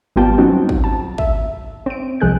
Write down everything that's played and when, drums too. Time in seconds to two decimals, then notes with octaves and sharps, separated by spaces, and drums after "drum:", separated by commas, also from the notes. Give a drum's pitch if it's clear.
0.16 G#1 G3 B3 F4 G5 A5
0.38 F#3 C4 C#4 D#4 F#4
0.69 drum: kick
0.84 A5
1.18 E5, drum: kick
1.86 C4 D7
2.20 C2 F3 G#3 G#4 F#6 G6